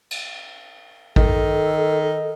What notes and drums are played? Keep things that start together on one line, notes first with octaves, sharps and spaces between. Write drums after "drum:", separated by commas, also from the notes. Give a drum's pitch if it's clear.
drum: cymbal
D#3 A4, drum: kick